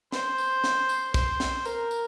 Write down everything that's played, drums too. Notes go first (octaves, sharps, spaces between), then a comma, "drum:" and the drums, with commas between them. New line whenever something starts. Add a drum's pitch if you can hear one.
C5, drum: snare
drum: tambourine
drum: snare
drum: tambourine
C5, drum: kick, tambourine
drum: snare
A#4, drum: tambourine
drum: tambourine